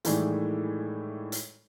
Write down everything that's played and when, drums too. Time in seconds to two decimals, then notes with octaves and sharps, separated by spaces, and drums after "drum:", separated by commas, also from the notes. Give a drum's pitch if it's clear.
0.05 A2 D#3 E3 G3 G#3, drum: hi-hat
1.32 drum: hi-hat